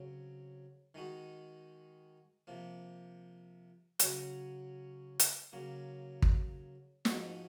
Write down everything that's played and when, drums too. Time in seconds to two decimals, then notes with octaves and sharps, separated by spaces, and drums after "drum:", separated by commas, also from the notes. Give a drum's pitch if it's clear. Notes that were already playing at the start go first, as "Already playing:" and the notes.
Already playing: C#3 F#3 C4
0.94 D#3 G#3 D#4 F#4
2.47 C3 F3 A#3
4.00 C#3 F#3 C#4 F#4, drum: hi-hat
5.20 drum: hi-hat
5.53 C#3 F#3 A#3
6.22 drum: kick
7.05 G#2 F3 G#3 D#4 F#4, drum: snare